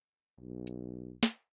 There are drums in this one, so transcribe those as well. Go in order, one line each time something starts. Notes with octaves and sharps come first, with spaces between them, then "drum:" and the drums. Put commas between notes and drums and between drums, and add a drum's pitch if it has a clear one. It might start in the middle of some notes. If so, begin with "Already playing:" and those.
B1
drum: hi-hat
drum: snare